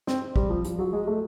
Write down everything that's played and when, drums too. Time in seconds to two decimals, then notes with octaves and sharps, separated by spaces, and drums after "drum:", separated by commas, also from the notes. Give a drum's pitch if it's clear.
0.07 C4, drum: snare
0.36 G3, drum: kick
0.50 F3
0.65 F3, drum: hi-hat
0.79 F#3
0.93 G#3
1.07 A3